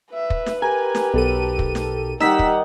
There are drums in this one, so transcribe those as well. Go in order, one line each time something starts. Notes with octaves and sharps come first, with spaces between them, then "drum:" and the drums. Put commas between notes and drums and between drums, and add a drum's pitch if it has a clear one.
B4 E5
drum: kick
drum: snare
G4 A#4 G#5
drum: snare
B1 A4 D#7
drum: kick
drum: snare
D#3 G3 D#4 G4 F#5 E6 B6, drum: snare
drum: kick